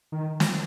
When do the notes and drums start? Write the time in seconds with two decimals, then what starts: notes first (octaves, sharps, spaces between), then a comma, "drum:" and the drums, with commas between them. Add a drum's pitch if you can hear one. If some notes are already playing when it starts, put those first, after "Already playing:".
0.12 D#3
0.40 drum: snare